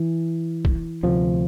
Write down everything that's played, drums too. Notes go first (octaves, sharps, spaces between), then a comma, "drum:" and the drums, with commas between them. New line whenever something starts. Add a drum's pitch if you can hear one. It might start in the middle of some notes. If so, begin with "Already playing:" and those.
Already playing: E3
drum: kick
D2 C3 F3